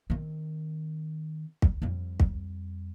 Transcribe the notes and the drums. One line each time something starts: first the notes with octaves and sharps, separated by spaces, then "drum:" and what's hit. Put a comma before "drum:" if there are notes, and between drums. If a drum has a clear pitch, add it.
D#3 C4
drum: kick
F2 G3
drum: kick